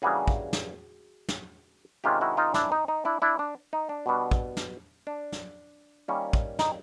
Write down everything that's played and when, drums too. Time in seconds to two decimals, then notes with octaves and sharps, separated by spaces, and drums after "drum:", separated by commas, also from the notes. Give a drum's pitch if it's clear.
0.02 C#3 E3 G3 A#3 D4 F#4 G#4
0.28 drum: kick
0.53 drum: snare
1.28 drum: snare
2.04 C3 D#3 G#3 C#4 F4 G4
2.21 E4 F#4
2.37 D#4 F4
2.54 D4 E4, drum: snare
2.72 D#4
2.88 D#4
3.05 D4 E4
3.22 D4 E4
3.39 D4
3.73 D#4
3.89 D4
4.06 B2 G3 B3 D4
4.31 drum: kick
4.57 drum: snare
5.07 D4
5.32 drum: snare
6.08 D#3 G3 A#3 C#4
6.33 drum: kick
6.59 D#4, drum: snare